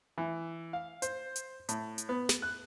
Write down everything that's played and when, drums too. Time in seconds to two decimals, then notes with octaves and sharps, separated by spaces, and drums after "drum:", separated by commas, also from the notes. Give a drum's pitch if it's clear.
0.18 E3
0.73 F5
1.02 C5, drum: hi-hat
1.36 drum: hi-hat
1.69 A2, drum: hi-hat
1.98 drum: hi-hat
2.09 B3
2.29 drum: snare
2.42 F#6